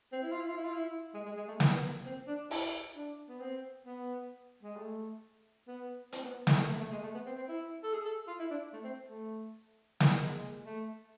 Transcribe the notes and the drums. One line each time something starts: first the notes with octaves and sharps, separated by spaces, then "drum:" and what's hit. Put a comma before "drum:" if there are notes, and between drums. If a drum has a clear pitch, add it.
C4
E4
F4
E4
F4
E4
F4
E4
G#3
G#3
G#3
A3
B3, drum: snare
C4
D4
E4, drum: open hi-hat
D4
B3
C4
B3
G#3
A3
B3
C4, drum: hi-hat
B3
A3, drum: snare
A3
A3
A3
G#3
A3
B3
C4
C4
E4
A4
G#4
A4
F4
E4
D4
A3
C4
A3
drum: snare
G#3
G#3
A3